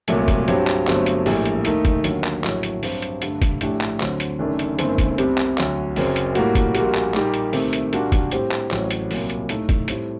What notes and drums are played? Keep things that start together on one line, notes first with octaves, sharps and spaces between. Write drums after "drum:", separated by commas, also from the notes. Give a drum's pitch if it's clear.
C2 A#2 F#3 A3, drum: hi-hat
drum: kick, hi-hat
G2 F#3 C4 G4, drum: hi-hat
drum: clap
G1 G2 F#3 A3 C4, drum: clap
drum: hi-hat
A#1 A2 G3 A#3, drum: open hi-hat
drum: hi-hat
D#2 D#3 A3 D#4, drum: hi-hat
drum: kick, hi-hat
D#2 D3 F#3, drum: hi-hat
drum: clap
A#1 A2 F#3 A3, drum: clap
drum: hi-hat
G2 F#3 C4 G4, drum: open hi-hat
drum: hi-hat
G2 D3 A3, drum: hi-hat
drum: kick, hi-hat
A#1 A2 A3 D4 G4, drum: hi-hat
drum: clap
D2 D3 F#3 C4, drum: clap
drum: hi-hat
F#1 F#2 D#3 A3 D4
drum: hi-hat
G1 F#2 D#3 A3 C4, drum: hi-hat
drum: kick, hi-hat
C2 C3 G3 C4, drum: hi-hat
drum: clap
D2 D3 F#3, drum: clap
F#1 F#2 F#3 C4, drum: open hi-hat
drum: hi-hat
A2 G3 A#3 F#4, drum: hi-hat
drum: kick, hi-hat
A#1 A#2 G3 A#3 F#4, drum: hi-hat
drum: clap
A#2 G3 A#3 D#4 G4, drum: clap
drum: hi-hat
C2 C3 D#3 A3, drum: open hi-hat
drum: hi-hat
A#2 G3 A#3 D4 F#4, drum: hi-hat
drum: kick, hi-hat
A2 G3 C4 G4, drum: hi-hat
drum: clap
A1 A2 F#3 C4, drum: clap
drum: hi-hat
C2 A#2 F#3, drum: open hi-hat
drum: hi-hat
A2 A3 D#4, drum: hi-hat
drum: kick, hi-hat
A2 G3 C4, drum: hi-hat